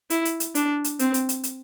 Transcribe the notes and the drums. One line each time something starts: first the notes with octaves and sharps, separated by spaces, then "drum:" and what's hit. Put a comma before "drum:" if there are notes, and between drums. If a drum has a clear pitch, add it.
E4, drum: hi-hat
drum: hi-hat
drum: hi-hat
D4, drum: hi-hat
drum: hi-hat
C4, drum: hi-hat
drum: hi-hat
drum: hi-hat
drum: hi-hat